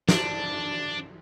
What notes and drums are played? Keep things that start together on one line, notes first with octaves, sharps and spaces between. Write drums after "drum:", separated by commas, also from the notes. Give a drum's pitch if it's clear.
D4, drum: snare